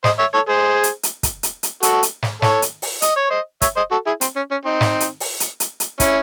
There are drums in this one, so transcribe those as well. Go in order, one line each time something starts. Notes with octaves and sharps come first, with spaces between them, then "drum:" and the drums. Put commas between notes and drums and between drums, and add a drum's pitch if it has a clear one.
C5 D#5, drum: snare
C#5 E5
A4 C#5
G#4 C5
drum: hi-hat
drum: hi-hat
drum: kick, hi-hat
drum: hi-hat
drum: hi-hat
F#4 A4, drum: hi-hat
drum: hi-hat
drum: snare
A4 C#5, drum: snare
drum: hi-hat
drum: open hi-hat
D#5, drum: hi-hat
C#5
C5 D#5
C#5 E5, drum: kick, hi-hat
C5 D#5
F#4 A4
E4 G#4
C4, drum: hi-hat
C#4
C#4
C4 D#4
drum: snare
drum: hi-hat
drum: open hi-hat
drum: hi-hat
drum: hi-hat
drum: hi-hat
C#4 E4, drum: kick, hi-hat